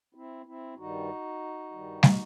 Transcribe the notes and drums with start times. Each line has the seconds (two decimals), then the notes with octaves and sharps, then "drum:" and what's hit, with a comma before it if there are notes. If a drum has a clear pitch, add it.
0.15 C4 E4
0.46 C4 E4
0.77 G2 D#3 G3 D#4 F#4
1.72 G2 D#3 G3
2.03 drum: snare